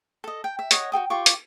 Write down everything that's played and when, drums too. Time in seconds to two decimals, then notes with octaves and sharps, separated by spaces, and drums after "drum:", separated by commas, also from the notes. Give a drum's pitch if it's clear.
0.24 A4 D#5
0.44 G5
0.59 E5
0.71 C#5 D#5 F#5, drum: hi-hat
0.92 F#4 A4 G5 D#6
1.10 F4 G4 C#6 D6
1.26 drum: hi-hat